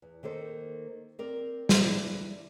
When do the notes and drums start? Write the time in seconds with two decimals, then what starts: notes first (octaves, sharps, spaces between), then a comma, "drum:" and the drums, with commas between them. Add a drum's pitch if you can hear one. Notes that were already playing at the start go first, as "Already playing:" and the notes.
0.02 E2
0.23 D#3 A#3 A4 C5
1.19 C4 A#4 D5
1.69 drum: snare
1.85 E2 A#2 D4 E4 D5